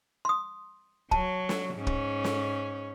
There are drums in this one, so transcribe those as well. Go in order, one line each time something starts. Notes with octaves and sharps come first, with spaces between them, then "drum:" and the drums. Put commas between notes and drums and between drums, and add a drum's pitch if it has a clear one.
C6 D#6
F#3 A5, drum: kick
drum: snare
G#2 C#4
drum: kick
drum: snare